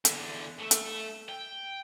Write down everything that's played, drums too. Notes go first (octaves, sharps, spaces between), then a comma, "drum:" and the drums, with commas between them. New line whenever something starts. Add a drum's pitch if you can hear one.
E2 D3, drum: hi-hat
A3 E5
drum: hi-hat
G5